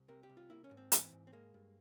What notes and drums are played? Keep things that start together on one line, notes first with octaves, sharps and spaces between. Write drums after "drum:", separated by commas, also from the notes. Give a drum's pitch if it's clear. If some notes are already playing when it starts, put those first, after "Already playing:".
Already playing: C2
C3 A#4
G4
C2
F4
A#3 E4
C#4
G#2
C4
E3, drum: hi-hat
G#2
C4
G#3 A#3
G2